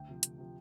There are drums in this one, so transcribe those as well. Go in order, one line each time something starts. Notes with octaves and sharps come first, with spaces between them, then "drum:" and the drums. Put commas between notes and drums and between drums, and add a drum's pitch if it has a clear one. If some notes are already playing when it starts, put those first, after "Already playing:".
Already playing: D2 G5
C3 F3
D2, drum: hi-hat
C3 F3